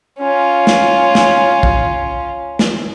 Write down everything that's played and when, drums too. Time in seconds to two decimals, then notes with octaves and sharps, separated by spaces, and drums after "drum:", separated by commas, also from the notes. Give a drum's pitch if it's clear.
0.19 C#4 F4
0.67 drum: snare
1.15 drum: snare
1.63 drum: kick
2.59 drum: snare